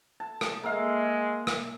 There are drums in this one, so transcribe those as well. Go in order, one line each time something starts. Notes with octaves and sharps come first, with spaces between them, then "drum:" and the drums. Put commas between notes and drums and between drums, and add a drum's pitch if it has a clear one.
A5
drum: rim click
G#3 A#3 E5 F5
drum: rim click